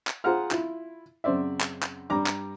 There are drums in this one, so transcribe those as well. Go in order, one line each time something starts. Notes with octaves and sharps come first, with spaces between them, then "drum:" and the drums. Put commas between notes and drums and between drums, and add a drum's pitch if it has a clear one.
drum: clap
F4 G#4 C5 F#5 A#5 F6
E4 F4, drum: clap
F#2 C#3 C4 C5 D5 E5
drum: clap
drum: clap
G2 G3 A#5 D6
drum: clap